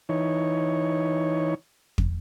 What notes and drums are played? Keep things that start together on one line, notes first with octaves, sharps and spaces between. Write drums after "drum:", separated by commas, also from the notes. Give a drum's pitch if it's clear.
E3 D#4 C#5
drum: kick